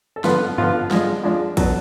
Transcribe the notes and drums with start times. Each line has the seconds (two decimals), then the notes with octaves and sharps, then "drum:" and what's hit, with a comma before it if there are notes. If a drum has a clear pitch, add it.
0.16 A4
0.24 D3 F3 B3 F4 B4, drum: snare
0.58 D3 F3 B3 F4, drum: tom G2
0.91 F3 G#3 D4, drum: snare
1.23 F3 G#3 D4
1.57 F#3 B3 D4 A4, drum: kick A1, cymbal